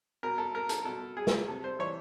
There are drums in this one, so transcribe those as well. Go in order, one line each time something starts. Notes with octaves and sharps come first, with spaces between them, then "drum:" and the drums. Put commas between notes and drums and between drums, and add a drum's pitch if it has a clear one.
B2 A#4
A4
A#4
A4, drum: hi-hat
B2 A4
G#4
drum: snare
C3 A4
C5
E3 C#5